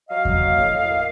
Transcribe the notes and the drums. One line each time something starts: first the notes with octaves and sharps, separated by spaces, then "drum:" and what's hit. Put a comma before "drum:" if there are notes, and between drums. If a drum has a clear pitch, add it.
F#3 D#5 F5
F#3, drum: kick E2
A#3
A2
A2
A#3